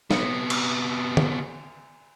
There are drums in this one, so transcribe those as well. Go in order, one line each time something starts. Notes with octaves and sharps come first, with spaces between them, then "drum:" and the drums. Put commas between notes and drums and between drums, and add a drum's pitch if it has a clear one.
C3 B3, drum: snare
drum: cymbal
drum: tom D3